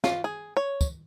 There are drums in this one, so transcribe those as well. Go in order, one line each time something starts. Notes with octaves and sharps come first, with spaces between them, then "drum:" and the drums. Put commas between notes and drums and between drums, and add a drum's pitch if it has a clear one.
F4, drum: snare
G#4
C#5
drum: kick, tambourine